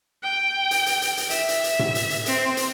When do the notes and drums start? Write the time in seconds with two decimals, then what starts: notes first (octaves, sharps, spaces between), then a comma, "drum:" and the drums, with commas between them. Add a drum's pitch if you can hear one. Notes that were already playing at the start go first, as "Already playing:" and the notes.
0.23 G5
0.71 drum: hi-hat
0.86 drum: hi-hat
1.02 drum: hi-hat
1.17 drum: hi-hat
1.30 E5, drum: hi-hat
1.48 drum: hi-hat
1.64 drum: hi-hat
1.79 drum: tom A2
1.95 drum: hi-hat
2.10 drum: hi-hat
2.26 C4, drum: hi-hat
2.57 drum: hi-hat